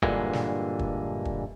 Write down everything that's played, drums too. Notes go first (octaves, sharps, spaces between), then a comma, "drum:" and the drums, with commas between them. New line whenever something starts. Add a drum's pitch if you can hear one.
G2 A#2 D3 E3 G#3, drum: kick
drum: snare
drum: kick
drum: kick